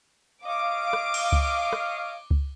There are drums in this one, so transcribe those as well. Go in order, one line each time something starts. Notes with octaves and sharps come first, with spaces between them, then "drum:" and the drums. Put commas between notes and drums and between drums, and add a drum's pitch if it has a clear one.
C#5 D#5 F5 D6
drum: rim click
drum: cymbal
drum: kick C#2
drum: rim click
drum: kick C#2